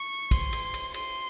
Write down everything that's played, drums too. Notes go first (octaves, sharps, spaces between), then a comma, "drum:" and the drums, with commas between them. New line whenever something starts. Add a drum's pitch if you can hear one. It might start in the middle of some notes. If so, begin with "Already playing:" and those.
Already playing: C#6
C6, drum: kick, cymbal
drum: cymbal
drum: cymbal
C6, drum: cymbal